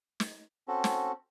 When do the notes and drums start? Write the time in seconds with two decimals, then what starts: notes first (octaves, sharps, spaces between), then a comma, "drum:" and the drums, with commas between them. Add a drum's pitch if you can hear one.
0.20 drum: snare
0.68 C4 C#4 F#4 A4
0.84 drum: snare